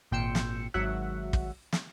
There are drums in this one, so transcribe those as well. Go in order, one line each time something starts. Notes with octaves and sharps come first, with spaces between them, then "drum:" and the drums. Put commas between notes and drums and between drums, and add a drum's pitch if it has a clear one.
G#1 A#2 G5 C6 E6 C#7
drum: snare
G#1 F#3 E5 F#5
drum: kick
drum: snare